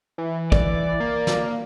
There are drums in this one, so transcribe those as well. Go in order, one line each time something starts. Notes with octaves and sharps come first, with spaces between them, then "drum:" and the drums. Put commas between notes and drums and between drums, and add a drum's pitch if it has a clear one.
E3
D5, drum: kick
A#3
drum: snare